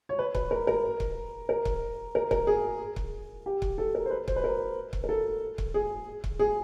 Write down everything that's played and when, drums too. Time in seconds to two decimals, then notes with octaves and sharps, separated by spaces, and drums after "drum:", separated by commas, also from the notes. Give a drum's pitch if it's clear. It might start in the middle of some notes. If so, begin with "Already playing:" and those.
0.09 C#5
0.19 B4
0.35 B4, drum: kick C#1
0.51 A#4
0.67 A#4
1.00 drum: kick C#1
1.49 A#4
1.65 drum: kick C#1
2.15 A#4
2.31 A#4, drum: kick C#1
2.47 G#4
2.96 drum: kick C#1
3.46 G4
3.62 drum: kick C#1
3.78 A4
3.95 A#4
4.06 C5
4.11 B4
4.28 C5, drum: kick C#1
4.36 B4
4.44 A#4
4.93 drum: kick C#1
5.04 A#4
5.09 A4
5.58 drum: kick C#1
5.74 G#4
6.24 drum: kick C#1
6.39 G#4